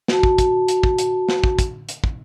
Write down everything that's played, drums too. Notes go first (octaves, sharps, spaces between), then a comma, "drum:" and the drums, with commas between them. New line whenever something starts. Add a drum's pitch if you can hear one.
F#4 A5, drum: snare
drum: kick
drum: kick, hi-hat
drum: hi-hat
drum: kick
drum: hi-hat
drum: snare
drum: kick
drum: kick, hi-hat
drum: hi-hat
drum: kick